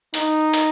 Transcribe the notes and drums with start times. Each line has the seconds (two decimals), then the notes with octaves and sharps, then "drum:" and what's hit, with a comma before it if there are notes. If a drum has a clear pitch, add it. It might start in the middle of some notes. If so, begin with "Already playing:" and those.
0.14 D#4, drum: hi-hat
0.53 drum: hi-hat